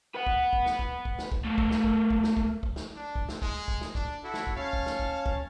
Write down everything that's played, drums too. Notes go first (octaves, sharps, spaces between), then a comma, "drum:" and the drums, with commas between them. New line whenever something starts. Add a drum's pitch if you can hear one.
B4 F#5
drum: kick
drum: kick
drum: snare
drum: kick
drum: kick
drum: snare
drum: kick
A3 A#3
drum: kick
drum: snare
drum: kick
drum: kick
drum: snare
drum: kick
drum: kick
drum: snare
D4
drum: kick
drum: snare
G#3, drum: kick
drum: kick
drum: snare
D4, drum: kick
E4 F#4 A4
drum: snare
drum: kick
C#4 C#5 F5 A5
drum: kick
drum: snare
drum: kick
drum: kick